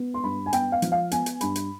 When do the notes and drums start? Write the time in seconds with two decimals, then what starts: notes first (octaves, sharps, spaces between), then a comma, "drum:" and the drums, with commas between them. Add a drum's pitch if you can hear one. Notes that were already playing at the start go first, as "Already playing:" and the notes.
Already playing: B3
0.14 C6
0.23 G2 B5
0.46 G#5
0.53 B3 G5, drum: hi-hat
0.72 F5
0.82 F3, drum: hi-hat
0.92 F5
1.11 B3 G#5, drum: hi-hat
1.26 drum: hi-hat
1.41 G2 B5, drum: hi-hat
1.56 drum: hi-hat